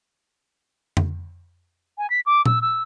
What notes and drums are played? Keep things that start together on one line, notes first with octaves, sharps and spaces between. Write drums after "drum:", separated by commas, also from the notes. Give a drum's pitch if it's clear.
drum: tom F2
G#5
B6
D6
E6, drum: tom A#2
E6